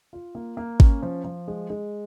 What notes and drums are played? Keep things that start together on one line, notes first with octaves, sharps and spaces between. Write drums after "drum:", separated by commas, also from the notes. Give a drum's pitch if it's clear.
F4
A#3
A#3
C#4, drum: kick
F3
F3
G#3
G#3